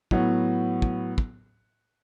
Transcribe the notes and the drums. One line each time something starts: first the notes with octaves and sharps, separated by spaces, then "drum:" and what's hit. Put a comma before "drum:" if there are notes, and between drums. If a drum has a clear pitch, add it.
A2 F#3 B3, drum: kick
drum: kick
drum: kick